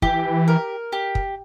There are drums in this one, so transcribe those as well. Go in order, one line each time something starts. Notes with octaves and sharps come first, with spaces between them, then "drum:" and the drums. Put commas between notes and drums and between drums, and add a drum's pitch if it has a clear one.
E3 G4, drum: kick
A#4
G4
drum: kick